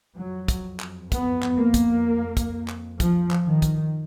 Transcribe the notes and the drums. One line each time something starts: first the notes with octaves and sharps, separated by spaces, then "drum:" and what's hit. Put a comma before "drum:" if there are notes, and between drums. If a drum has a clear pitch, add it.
F2 F#3
drum: kick, hi-hat
drum: clap
B3, drum: kick, hi-hat
drum: clap
A#3
drum: kick, hi-hat
drum: kick, hi-hat
drum: clap
F3, drum: kick, hi-hat
drum: clap
D#3
drum: kick, hi-hat